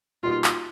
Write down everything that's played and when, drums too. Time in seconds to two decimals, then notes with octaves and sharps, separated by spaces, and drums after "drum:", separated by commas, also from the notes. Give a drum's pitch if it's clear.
0.23 B2 G3 A#3 D#4 F4 F#4
0.44 drum: clap